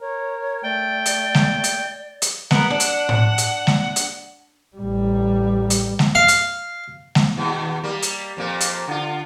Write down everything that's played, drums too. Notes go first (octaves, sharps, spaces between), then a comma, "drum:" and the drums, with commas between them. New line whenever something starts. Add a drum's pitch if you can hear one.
A#4 C#5
A3 D5 G5
drum: hi-hat
drum: snare G#3
drum: hi-hat
drum: hi-hat
B3 A#4 F#5, drum: snare G#3
D4
drum: hi-hat
drum: tom A2
drum: hi-hat
drum: snare G#3
drum: hi-hat
A1 G3
drum: hi-hat
drum: snare G#3
F5
drum: hi-hat
drum: snare G#3
D#2 B2
G3 A#3
drum: hi-hat
F2 A#2 A#3
drum: hi-hat
D3 F4